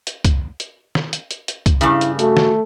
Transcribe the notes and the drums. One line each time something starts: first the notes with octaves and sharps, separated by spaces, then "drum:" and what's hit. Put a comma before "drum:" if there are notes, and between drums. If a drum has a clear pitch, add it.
drum: hi-hat
drum: kick C2, hi-hat
drum: hi-hat
drum: snare
drum: hi-hat
drum: hi-hat
drum: hi-hat
drum: kick C2, hi-hat
G2 C#3 E4, drum: hi-hat
drum: hi-hat
A3 F#4, drum: hi-hat
drum: snare